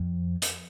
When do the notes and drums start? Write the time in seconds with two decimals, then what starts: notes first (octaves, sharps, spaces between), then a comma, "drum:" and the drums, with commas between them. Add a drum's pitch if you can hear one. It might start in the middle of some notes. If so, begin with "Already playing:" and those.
Already playing: F2
0.42 drum: hi-hat